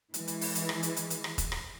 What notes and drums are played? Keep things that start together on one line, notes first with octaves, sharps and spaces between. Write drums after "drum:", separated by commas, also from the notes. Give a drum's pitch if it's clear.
E3 G#3, drum: hi-hat
drum: hi-hat
drum: open hi-hat
drum: hi-hat
drum: rim click
drum: hi-hat
drum: hi-hat
drum: hi-hat
drum: rim click
drum: kick E1, hi-hat
drum: rim click